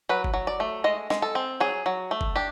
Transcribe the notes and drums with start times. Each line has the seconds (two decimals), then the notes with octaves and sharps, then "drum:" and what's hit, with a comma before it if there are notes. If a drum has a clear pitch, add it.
0.09 F#3 B4
0.24 drum: kick F#1
0.34 F#3
0.47 D5
0.60 A3
0.84 G#3 D#5
1.10 G#3, drum: snare
1.22 A4
1.35 C4
1.60 F#3 G#4
1.86 F#3
2.11 A3
2.21 drum: kick F#1
2.36 D4 G4